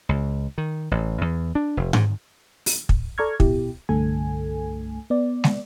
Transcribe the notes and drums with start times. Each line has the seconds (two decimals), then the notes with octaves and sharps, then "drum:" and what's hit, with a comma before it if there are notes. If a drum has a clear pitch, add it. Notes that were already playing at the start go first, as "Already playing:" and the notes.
0.09 C#2
0.58 D#3
0.91 A1
1.21 E2
1.55 D4
1.77 F1
1.93 G#2, drum: tom G#2
2.66 drum: open hi-hat
2.89 drum: kick
3.18 A4 D5 A#5 C#6 F6 G#6
3.40 B2 E4 G4, drum: kick
3.89 C2 G2 D3 A3 A4 G#5
5.10 B3 D5
5.44 drum: snare